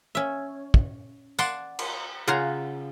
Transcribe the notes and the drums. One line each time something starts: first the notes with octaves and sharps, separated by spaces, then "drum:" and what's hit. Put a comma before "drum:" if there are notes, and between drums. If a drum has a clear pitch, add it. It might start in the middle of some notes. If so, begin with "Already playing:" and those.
C#4 E5
drum: kick
D5 F#5 A5 C6, drum: tambourine
drum: cymbal
C#3 F4 F#5 G#5 A#5